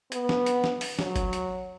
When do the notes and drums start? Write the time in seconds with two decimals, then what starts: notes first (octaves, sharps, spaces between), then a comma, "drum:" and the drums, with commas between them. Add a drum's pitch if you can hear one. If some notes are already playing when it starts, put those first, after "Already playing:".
0.12 B3, drum: hi-hat
0.29 drum: snare
0.46 drum: hi-hat
0.64 drum: snare
0.81 drum: open hi-hat
0.99 F#3, drum: snare
1.16 drum: kick F#1, hi-hat
1.33 drum: hi-hat